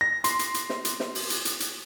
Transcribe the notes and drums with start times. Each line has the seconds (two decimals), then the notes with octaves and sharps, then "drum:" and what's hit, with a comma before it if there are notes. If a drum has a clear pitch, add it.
0.01 A#6
0.24 C6, drum: hi-hat
0.39 drum: hi-hat
0.54 drum: hi-hat
0.70 drum: snare
0.85 drum: hi-hat
1.00 drum: snare
1.15 drum: open hi-hat
1.30 drum: hi-hat
1.45 drum: hi-hat
1.60 drum: hi-hat